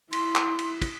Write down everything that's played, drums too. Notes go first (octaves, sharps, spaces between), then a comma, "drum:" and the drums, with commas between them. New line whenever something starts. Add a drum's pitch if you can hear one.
E4 C6, drum: cymbal
drum: clap
drum: cymbal
drum: kick, cymbal